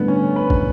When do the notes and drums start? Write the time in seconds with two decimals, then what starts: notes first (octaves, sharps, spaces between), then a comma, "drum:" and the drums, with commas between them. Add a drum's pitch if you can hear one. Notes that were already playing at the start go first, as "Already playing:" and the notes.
Already playing: A1 G2 D3 A3 B3 D4
0.08 C#4
0.36 B4
0.50 drum: kick